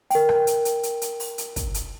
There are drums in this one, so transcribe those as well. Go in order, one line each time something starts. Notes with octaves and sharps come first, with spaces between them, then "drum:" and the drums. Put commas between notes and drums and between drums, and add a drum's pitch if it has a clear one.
A#4 G5, drum: open hi-hat
drum: rim click
drum: hi-hat
drum: hi-hat
drum: hi-hat
drum: hi-hat
drum: open hi-hat
drum: hi-hat
drum: kick, hi-hat
drum: hi-hat